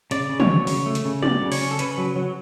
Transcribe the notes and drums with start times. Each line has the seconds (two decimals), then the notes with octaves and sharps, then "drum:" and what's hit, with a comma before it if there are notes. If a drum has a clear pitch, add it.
0.11 C#3 D5, drum: hi-hat
0.29 C#3
0.40 C#5, drum: tom
0.49 F#3
0.67 C#3, drum: open hi-hat
0.86 A3
0.95 drum: hi-hat
1.05 C#3
1.23 F#3 D5, drum: tom
1.42 C#3
1.52 C#5, drum: open hi-hat
1.61 C#4
1.71 A4
1.79 C#3 B4, drum: hi-hat
1.98 F#3
2.16 F#3